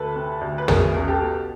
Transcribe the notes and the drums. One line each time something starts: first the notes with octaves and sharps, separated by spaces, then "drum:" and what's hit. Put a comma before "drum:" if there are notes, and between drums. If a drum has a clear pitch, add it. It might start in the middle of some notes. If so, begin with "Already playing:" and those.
Already playing: D2 A4 B4
C3
D2
B4
B2 G#4 A#4, drum: tom
C#2
G4 A4
B2